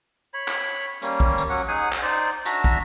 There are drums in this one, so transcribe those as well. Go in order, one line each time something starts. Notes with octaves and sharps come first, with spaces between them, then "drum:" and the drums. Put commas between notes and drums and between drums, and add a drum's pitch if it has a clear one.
C#5 B5
drum: clap
G3 A#3 C#4, drum: hi-hat
drum: kick
drum: hi-hat
F#3 C#4 F#5
D#4 G#4 F#5 G#5
drum: clap
D#4 C5 D5
D4 F#4 E5 A#5, drum: hi-hat
drum: kick